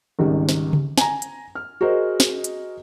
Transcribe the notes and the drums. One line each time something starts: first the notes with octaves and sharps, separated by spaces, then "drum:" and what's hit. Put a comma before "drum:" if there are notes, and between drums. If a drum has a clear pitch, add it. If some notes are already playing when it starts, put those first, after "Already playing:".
G#1 C#2 D#3 G3
drum: snare
drum: tom C#3
G#5 A#5, drum: snare
drum: hi-hat
F6
F#4 G#4 A#4 C5 D#5
drum: snare
drum: hi-hat